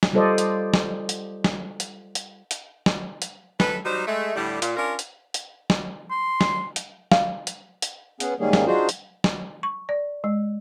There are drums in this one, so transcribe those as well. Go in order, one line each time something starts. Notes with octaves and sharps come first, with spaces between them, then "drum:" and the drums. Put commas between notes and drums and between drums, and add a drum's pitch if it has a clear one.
drum: snare
G3 F4 A4 C5 D5 D#5
drum: hi-hat
drum: snare
drum: hi-hat
drum: snare
drum: hi-hat
drum: hi-hat
drum: hi-hat
drum: snare
drum: hi-hat
A4 B4, drum: snare
F#3 G3 D#4 C5
G#3 A3
A2 D3 G3
A#2, drum: hi-hat
C#4 D4 F4 A#4
drum: hi-hat
drum: hi-hat
drum: snare
C6
drum: snare
drum: hi-hat
F5, drum: snare
drum: hi-hat
drum: hi-hat
B3 C#4 G#4 F#5, drum: hi-hat
G#2 D#3 G3 A#3 C#4 G#4
drum: snare
D4 D#4 F4 F#4 G#4 C5
drum: hi-hat
drum: snare
C#6
D5
G#3